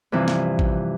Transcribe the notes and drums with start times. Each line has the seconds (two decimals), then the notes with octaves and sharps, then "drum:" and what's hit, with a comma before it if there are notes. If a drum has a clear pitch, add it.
0.12 G2 C3 E3 F3
0.28 drum: snare
0.59 drum: kick A1